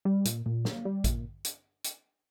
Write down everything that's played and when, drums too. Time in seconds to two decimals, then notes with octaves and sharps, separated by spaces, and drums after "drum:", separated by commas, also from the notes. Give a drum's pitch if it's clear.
0.05 G3
0.25 A#2, drum: hi-hat
0.46 A#2
0.65 A#3, drum: snare
0.85 G3
1.04 A#2, drum: kick A1, hi-hat
1.45 drum: hi-hat
1.84 drum: hi-hat